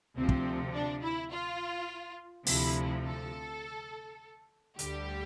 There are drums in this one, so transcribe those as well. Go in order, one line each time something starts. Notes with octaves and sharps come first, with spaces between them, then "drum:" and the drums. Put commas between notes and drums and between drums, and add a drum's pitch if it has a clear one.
D2 C3 F3 C4
drum: kick
D4
E4
F4
D2 C3 F3 E4, drum: open hi-hat
A4
D2 D3 G3 G4, drum: hi-hat